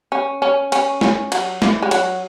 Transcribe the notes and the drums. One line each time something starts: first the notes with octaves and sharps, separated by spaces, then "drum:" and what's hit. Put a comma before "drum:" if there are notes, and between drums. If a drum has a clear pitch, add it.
C#4
C#4
C#4, drum: cymbal
C#4, drum: snare
F#3, drum: cymbal
E3, drum: snare
G#3
F#3, drum: cymbal